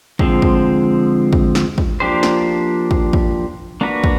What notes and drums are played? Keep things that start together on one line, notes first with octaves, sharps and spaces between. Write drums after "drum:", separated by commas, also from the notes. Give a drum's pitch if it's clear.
D3 F3 G#3 C4, drum: kick
drum: kick
drum: kick
drum: snare
drum: kick
F3 A#3 D4 G4 C5
drum: snare
drum: kick
drum: kick
A#3 D4 F#4 B4
drum: kick